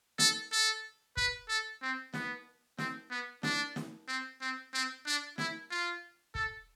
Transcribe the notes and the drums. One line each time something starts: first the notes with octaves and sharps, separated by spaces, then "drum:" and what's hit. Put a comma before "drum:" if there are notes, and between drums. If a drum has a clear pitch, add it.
A4, drum: snare
A4
B4, drum: kick
A4
C4
B3, drum: snare
C4, drum: snare
B3
D4, drum: snare
drum: snare
C4
C4
C4
D4
E4, drum: snare
F4
A4, drum: kick